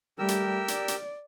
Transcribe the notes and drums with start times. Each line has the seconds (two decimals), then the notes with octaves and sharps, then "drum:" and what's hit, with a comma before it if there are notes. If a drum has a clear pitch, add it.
0.19 G3 A3 G4 A#4 E6
0.28 drum: hi-hat
0.68 D5, drum: hi-hat
0.88 drum: hi-hat